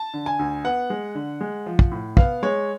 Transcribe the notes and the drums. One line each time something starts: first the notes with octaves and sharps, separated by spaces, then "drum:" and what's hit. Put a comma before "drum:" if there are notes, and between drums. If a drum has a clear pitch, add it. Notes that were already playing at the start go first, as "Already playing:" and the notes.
Already playing: A5
D3
G#5
D2
B3 F#5
G#3
D3
G#3
F3
drum: kick
A2
B3 F5, drum: kick
G#3 C#5